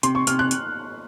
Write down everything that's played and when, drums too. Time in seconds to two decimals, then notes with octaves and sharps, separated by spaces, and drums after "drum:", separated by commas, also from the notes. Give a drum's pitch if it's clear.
0.03 C3 C6, drum: hi-hat
0.15 C#6
0.27 C3 F6, drum: hi-hat
0.39 F#6
0.51 drum: hi-hat